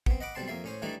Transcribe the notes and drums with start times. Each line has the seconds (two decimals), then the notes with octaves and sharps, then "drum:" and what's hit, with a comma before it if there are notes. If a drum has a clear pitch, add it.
0.06 B3 C4, drum: kick
0.21 D#5 F#5 B5 D6
0.35 B1 G3 C4 A5 C6
0.48 F2 A#3 E5 C6
0.64 A2 C#4 C5
0.82 E3 G3 A3 D4 D#4